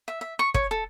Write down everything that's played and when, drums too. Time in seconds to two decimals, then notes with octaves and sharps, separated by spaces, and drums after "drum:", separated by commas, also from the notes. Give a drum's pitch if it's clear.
0.08 E5
0.21 E5
0.39 C#6
0.54 C#5, drum: kick
0.71 A4